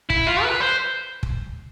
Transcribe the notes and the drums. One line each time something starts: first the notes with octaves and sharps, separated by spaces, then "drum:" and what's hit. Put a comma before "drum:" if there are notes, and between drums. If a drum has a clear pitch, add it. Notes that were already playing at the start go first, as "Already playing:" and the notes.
E4, drum: kick
F4
B4
C5
drum: kick